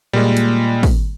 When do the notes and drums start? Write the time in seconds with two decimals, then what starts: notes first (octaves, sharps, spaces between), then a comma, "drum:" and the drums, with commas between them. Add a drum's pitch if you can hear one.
0.13 A#2 G3 G#3
0.37 drum: hi-hat
0.83 drum: kick, open hi-hat